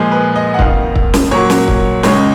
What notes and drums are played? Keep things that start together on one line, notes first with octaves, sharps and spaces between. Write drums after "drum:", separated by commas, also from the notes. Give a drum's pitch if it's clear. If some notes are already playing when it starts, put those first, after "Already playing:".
Already playing: A#2 F3 G#3 G#4
B4
D#5
F#5
F2 D#3 A#3 F5, drum: kick
drum: kick
drum: snare
A#2 F#3 A#3 C#5
drum: snare
drum: kick
C#2 C#3 G#3 C#5, drum: snare